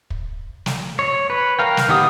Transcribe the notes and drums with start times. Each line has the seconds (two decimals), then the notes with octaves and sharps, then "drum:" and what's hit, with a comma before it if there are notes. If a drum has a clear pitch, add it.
0.10 drum: kick
0.66 drum: snare
0.99 C#5
1.30 B4
1.59 A#4 F5 G5
1.77 drum: snare
1.89 D#3 B3 G4 D#6